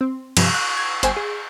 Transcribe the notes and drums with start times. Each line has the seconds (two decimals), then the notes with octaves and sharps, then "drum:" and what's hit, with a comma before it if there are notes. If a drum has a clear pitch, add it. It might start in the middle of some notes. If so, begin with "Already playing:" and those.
0.01 C4
0.37 G2 C3 F3 G3, drum: cymbal
0.54 F#6
0.77 G#6
1.03 G1 C5 G5 G#5, drum: hi-hat
1.17 G#4